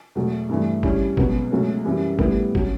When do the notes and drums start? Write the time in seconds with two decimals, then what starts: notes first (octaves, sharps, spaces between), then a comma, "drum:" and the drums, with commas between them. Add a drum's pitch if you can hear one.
0.15 E2 B2 F#3 A3
0.49 G2 E3 A3
0.83 C#3 G3 C#4 E4, drum: kick
1.17 C#2 B2 F#3 B3, drum: kick
1.51 C#2 B2 F#3 A3 C#4
1.85 F#2 E3 G3
2.19 A2 G3 B3 E4, drum: kick
2.55 F#3 C#4, drum: kick